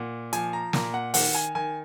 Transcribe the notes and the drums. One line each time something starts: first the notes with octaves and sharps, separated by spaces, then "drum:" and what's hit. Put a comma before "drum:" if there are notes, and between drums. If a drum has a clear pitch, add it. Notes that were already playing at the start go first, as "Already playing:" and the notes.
Already playing: A#2 F#5
F3 G#5, drum: hi-hat
A#5
A#2 A#5, drum: snare
F#5
D#3 F#5, drum: open hi-hat
G#5
D#3 G#5